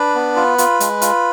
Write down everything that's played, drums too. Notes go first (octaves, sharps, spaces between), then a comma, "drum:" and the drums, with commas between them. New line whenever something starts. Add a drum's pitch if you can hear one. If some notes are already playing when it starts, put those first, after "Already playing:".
Already playing: D4 B4
B3
F4
F4, drum: hi-hat
G#3, drum: hi-hat
F4, drum: hi-hat